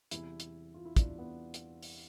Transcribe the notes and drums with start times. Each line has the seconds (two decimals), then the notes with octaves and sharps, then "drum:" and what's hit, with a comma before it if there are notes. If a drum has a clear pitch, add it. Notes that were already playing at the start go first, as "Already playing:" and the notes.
0.11 E2 C3 G3 E4, drum: hi-hat
0.40 drum: hi-hat
0.74 F4
0.85 E4
0.97 E2 C3 G3 D4, drum: kick, hi-hat
1.18 B3
1.54 drum: hi-hat
1.83 drum: open hi-hat